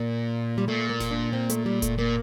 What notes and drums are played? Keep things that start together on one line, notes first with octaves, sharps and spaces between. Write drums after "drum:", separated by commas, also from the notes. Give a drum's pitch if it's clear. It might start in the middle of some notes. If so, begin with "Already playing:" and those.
Already playing: A#2 A#3
G3
A#2 A3
A#3
drum: snare E1
D4
C4
A3, drum: hi-hat
G3
A3, drum: kick F1, hi-hat
A#2 A#3